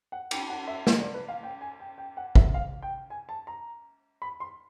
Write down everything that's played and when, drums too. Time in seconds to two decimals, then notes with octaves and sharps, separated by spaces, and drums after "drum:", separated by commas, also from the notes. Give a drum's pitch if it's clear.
0.12 F#5
0.31 G5, drum: cymbal
0.49 F#5
0.68 E5
0.87 D#5, drum: snare
1.00 D5
1.14 B4
1.28 F5
1.43 G5
1.61 G#5
1.80 G5
1.98 G5
2.17 F#5
2.35 E5, drum: kick
2.54 F5
2.82 G5
3.10 G#5
3.29 A5
3.47 A#5
4.22 B5
4.40 C6